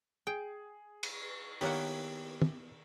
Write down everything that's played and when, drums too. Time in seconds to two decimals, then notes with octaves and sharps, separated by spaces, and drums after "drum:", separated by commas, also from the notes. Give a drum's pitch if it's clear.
0.27 G#4 G5
1.03 drum: cymbal
1.61 D#3 A#3 B3 E4 G4 C#5 F#5, drum: open hi-hat
2.42 drum: tom